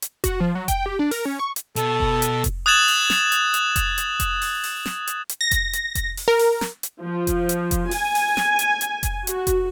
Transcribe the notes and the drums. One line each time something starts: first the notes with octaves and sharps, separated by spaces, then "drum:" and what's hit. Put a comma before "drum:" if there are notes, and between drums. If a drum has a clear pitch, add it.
drum: hi-hat
F#4, drum: kick F1, hi-hat
F3
F#3
G5, drum: kick F1, hi-hat
G4
D4
A#4, drum: open hi-hat
C#4
C#6
drum: hi-hat
B2 A4, drum: hi-hat
drum: kick F1
drum: hi-hat
drum: kick F1, hi-hat
D#6 F#6 G#6 A6 E7 F#7
drum: open hi-hat
drum: snare
drum: hi-hat
drum: hi-hat
drum: kick F1, hi-hat
drum: hi-hat
drum: kick F1, hi-hat
drum: open hi-hat
drum: open hi-hat
drum: snare
drum: hi-hat
drum: hi-hat
A#6
drum: kick F1, hi-hat
drum: hi-hat
drum: kick F1, hi-hat
drum: open hi-hat
A#4
drum: open hi-hat
drum: snare
drum: hi-hat
F3
drum: kick F1, hi-hat
drum: hi-hat
drum: kick F1, hi-hat
G#5, drum: open hi-hat
drum: open hi-hat
drum: snare
drum: hi-hat
drum: hi-hat
drum: kick F1, hi-hat
F#4, drum: hi-hat
drum: kick F1, hi-hat